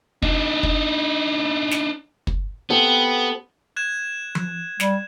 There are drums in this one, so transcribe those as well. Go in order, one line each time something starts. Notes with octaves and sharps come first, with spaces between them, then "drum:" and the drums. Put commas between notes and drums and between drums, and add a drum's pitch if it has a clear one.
D4 D#4, drum: kick
drum: kick
drum: snare
drum: kick
B3 C4 G4 A4
F#6 G#6 E7
drum: tom F3
G3, drum: snare